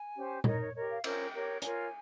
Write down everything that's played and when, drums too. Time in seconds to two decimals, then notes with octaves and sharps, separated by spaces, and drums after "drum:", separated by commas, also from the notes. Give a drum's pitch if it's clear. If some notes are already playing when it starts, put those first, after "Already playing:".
Already playing: G#5
0.15 C#4 G4 C5
0.44 D#4 A#4 C#5 D#5, drum: tom A#2
0.59 C#5
0.73 G4 A#4 C#5 D#5
0.88 F5
1.04 C#4 F4 A#4 C#5 G5, drum: cymbal
1.33 G4 A#4 C#5
1.62 F4 A#4 C#5 G#5, drum: hi-hat